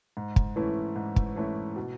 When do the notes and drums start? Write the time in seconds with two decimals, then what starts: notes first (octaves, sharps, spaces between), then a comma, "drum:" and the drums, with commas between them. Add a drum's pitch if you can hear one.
0.17 G#2
0.36 drum: kick
0.56 E3 A3 C#4 E4
0.96 G#2
1.16 drum: kick
1.36 E3 A3 C#4 E4
1.76 B2